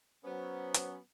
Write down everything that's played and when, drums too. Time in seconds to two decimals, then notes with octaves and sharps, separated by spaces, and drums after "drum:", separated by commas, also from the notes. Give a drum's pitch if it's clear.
0.24 F#3 B3 C#4 C5
0.74 drum: hi-hat